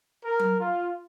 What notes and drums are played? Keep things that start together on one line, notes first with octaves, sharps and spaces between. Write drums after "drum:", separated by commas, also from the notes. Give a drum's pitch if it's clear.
A#4
drum: tom F#3
F4